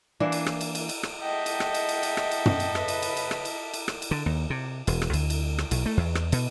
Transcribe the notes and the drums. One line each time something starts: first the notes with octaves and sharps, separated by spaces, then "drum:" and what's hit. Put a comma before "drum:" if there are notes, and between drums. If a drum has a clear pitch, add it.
E3 A#3 D4
drum: cymbal
drum: rim click
drum: cymbal
drum: cymbal
drum: cymbal
drum: rim click
G#3 A4 D#5 E5 F#5 G5
drum: cymbal
drum: rim click
drum: cymbal
drum: cymbal
drum: cymbal
drum: rim click
drum: cymbal
drum: tom
drum: cymbal
A2 C#3 B4, drum: rim click
drum: cymbal
drum: cymbal
drum: cymbal
drum: rim click
drum: cymbal
drum: cymbal
drum: rim click
drum: cymbal
D3
D#2
C3
E1, drum: cymbal
drum: rim click
D2, drum: cymbal
drum: cymbal
drum: rim click
B1, drum: cymbal
A3
E2
drum: rim click
B2, drum: cymbal